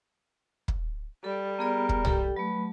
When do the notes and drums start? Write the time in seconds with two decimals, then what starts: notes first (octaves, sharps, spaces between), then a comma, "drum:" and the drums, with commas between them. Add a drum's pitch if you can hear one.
0.68 drum: kick
1.24 G3 A4
1.59 B3 G#4 A#4 D5
1.89 drum: kick
2.05 G4 A4 G5, drum: tom B1
2.36 F#3 A3 B4